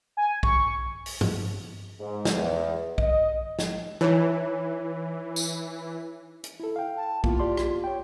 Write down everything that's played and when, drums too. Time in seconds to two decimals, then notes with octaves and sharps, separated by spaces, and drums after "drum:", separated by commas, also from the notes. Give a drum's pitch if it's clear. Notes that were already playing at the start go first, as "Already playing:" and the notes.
0.17 G#5
0.43 C#6, drum: kick B1
1.06 drum: open hi-hat
1.21 drum: tom
2.00 G#2
2.25 drum: snare
2.34 E2
2.98 D#5, drum: kick B1
3.59 drum: snare
4.01 E3 D#4 E4 C#5
5.36 drum: tambourine
6.44 drum: hi-hat
6.60 E4 A4
6.76 F5 G5
6.97 A5
7.24 A#3 B3 E4 F4, drum: kick B1
7.39 G4 D5 C6
7.57 drum: rim click
7.84 C#5 G5